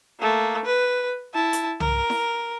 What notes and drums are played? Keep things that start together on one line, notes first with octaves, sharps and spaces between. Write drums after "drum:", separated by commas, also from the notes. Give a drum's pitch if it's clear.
A3 A#3
B4
E4 A5
drum: hi-hat
A#4, drum: tom C2
drum: snare E4